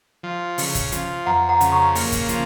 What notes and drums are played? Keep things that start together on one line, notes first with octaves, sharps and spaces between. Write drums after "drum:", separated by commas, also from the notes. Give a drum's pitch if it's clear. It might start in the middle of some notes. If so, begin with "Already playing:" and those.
F3
C#3, drum: open hi-hat
drum: kick, hi-hat
F3, drum: hi-hat
F2 F#5 A#5
F#5 A#5
C#3, drum: hi-hat
A#5 C#6
A#3, drum: open hi-hat
drum: kick, hi-hat
F3, drum: hi-hat